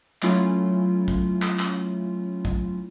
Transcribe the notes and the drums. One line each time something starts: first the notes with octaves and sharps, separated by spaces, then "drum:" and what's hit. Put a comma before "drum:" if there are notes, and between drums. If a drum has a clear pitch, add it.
F#3 A3 C#4 E4 F4, drum: clap
drum: kick A1
drum: clap
drum: clap
drum: kick A1